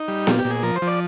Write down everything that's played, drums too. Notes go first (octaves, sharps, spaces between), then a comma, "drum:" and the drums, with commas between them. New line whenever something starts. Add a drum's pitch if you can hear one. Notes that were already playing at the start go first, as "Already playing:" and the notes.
Already playing: D#4
G3
A#2 F4, drum: snare B3
G4
A#2
G#4
F3 A#4
C5
F3
D5